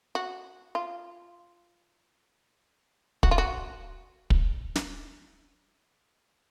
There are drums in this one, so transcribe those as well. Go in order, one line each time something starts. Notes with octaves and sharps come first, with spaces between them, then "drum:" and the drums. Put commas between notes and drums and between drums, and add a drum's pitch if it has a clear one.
F#4
F4
F#4, drum: kick
F4
F#4
drum: kick
drum: snare